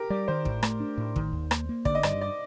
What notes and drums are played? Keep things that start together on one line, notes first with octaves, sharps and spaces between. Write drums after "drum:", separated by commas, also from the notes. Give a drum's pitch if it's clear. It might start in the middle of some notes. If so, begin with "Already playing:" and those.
Already playing: G4 A#4
G3 D5
D#3 C5
A2, drum: kick
A3, drum: rim click
D4
A2
D#3, drum: kick
D#2
A#3, drum: rim click
A#3
D3 D5, drum: kick
D#5
G2 D5, drum: rim click
D5